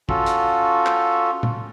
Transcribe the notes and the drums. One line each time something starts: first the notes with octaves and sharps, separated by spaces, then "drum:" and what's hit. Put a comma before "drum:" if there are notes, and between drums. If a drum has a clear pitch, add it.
C#4 F4 F#4 A4, drum: kick
drum: hi-hat
drum: clap
drum: tom